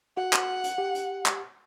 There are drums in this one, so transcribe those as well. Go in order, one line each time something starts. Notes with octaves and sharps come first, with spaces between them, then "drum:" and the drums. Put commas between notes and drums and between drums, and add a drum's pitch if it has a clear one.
F#4 F#5
drum: clap
drum: hi-hat
G4
drum: hi-hat
drum: clap